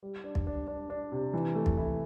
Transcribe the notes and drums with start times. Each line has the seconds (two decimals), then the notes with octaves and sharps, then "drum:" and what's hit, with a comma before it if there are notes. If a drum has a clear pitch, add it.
0.03 G3
0.24 D4
0.35 drum: kick
0.47 D4
0.67 D4
0.90 D4
1.12 C3
1.33 E3
1.55 A3
1.66 drum: kick
1.77 E4